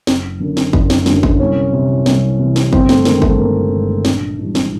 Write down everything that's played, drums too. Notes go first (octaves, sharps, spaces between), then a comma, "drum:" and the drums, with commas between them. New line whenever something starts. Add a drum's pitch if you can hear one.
F#1, drum: snare
F#2 D3 F#3
drum: snare
F#1, drum: kick G1
drum: snare
F#2 D3 F#3, drum: snare
drum: kick G1
C2 C#4
C3 E3
C2, drum: snare
C3 E3
drum: snare
G1 C4, drum: kick G1
A3, drum: snare
G2 D#3 G#3 A#3, drum: snare
A3, drum: kick G1
G1 A#3
G2 D#3 G#3
A#1 D4, drum: snare
G#2 E3 G3
drum: snare